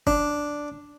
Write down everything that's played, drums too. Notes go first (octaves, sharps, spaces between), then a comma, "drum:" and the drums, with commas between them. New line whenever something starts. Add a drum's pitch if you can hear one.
D4, drum: kick F1